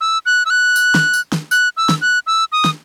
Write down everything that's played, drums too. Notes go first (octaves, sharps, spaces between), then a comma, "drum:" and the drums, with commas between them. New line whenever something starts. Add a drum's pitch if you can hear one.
E6
F#6
E6
F#6
drum: tambourine
drum: snare
drum: tambourine
drum: snare
F#6, drum: tambourine
E6
drum: snare
F#6
E6
D#6
drum: snare